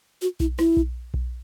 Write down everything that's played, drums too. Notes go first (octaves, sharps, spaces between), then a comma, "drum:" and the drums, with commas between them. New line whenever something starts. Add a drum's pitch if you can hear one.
F#4
E4, drum: kick B1
E4, drum: rim click
drum: kick B1
drum: kick B1